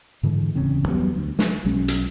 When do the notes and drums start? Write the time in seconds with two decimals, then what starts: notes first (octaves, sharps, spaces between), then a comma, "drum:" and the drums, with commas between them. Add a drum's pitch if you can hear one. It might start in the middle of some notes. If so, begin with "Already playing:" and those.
0.23 G#2 D3 E3 G#3
0.55 D1 E2 C#3 C4
0.88 E2 F#3 G3 B3
1.15 D2
1.39 G#3, drum: snare
1.65 B1 F#3 G#3 C#4
1.88 drum: hi-hat